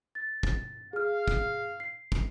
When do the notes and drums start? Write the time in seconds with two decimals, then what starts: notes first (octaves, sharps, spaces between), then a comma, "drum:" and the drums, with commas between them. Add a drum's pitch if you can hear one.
0.15 A6
0.43 drum: kick
0.93 G#4 F5 F6
1.28 drum: kick
1.80 C7
2.12 drum: kick